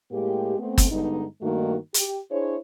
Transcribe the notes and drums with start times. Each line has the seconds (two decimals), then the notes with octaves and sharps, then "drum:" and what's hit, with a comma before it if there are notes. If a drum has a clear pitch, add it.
0.12 A2 G#3 A#3 G4
0.59 A3 B3 C4
0.78 drum: kick, hi-hat
0.89 G2 D3 G#3 B3 D#4
1.41 G2 D#3 A3 A#3 D#4 F#4
1.94 G4, drum: hi-hat
2.30 D4 E4 G#4 C5 C#5